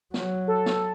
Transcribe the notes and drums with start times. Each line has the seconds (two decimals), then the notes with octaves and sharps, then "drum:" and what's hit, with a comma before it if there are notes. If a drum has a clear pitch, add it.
0.14 F#3, drum: snare
0.48 A4
0.66 drum: snare